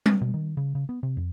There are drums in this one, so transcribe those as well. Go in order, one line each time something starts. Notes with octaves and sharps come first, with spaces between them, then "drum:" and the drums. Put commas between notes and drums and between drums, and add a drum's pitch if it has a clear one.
drum: tom G3
B2
D#3
C#3
C#3
B3
C3
F2